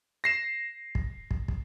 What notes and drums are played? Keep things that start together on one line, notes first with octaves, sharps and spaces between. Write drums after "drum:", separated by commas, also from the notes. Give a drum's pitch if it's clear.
A#6 C7 E7
drum: kick
drum: kick
drum: kick